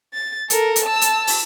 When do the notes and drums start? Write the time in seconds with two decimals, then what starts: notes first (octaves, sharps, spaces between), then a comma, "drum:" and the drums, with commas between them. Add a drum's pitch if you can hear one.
0.14 A6
0.50 A4 A#4, drum: hi-hat
0.76 drum: hi-hat
0.85 A5 E6
1.01 drum: hi-hat
1.27 drum: open hi-hat